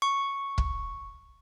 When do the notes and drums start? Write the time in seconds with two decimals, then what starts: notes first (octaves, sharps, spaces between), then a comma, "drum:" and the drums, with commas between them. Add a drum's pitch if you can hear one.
0.02 C#6
0.58 drum: kick